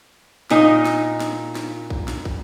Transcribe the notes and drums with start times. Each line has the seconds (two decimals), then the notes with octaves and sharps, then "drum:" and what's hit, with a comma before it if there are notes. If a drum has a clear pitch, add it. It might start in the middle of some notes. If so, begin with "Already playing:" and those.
0.50 A#2 D#4 D#5, drum: snare
0.85 drum: snare
1.20 drum: snare
1.55 drum: snare
1.90 drum: kick
2.08 drum: snare
2.25 drum: kick